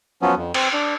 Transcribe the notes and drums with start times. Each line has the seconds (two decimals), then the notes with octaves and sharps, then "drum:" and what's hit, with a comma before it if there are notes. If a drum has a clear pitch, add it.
0.22 F3 F#3 B3 C#4
0.37 F2
0.54 C4, drum: cymbal
0.73 D4